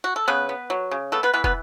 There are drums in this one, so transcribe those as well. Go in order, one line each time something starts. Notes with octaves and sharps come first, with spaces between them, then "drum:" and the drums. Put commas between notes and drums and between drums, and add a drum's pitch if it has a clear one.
F#4
A4
C#3 B3 B4
B3
F#3
C#3
A3 B3 A4
B3 B4
E3 B3 B4
B3 B4, drum: kick